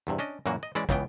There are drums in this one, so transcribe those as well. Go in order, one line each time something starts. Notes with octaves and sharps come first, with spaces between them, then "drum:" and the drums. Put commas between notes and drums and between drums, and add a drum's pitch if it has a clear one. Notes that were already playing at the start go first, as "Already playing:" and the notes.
E2 G2 C3
C#4 D4 D#5
F#2 A#2 E3 A#3 F#4
D#5
E3 G#3 C#4 E4 D5
C#2 C#3 E3 B3 G5, drum: kick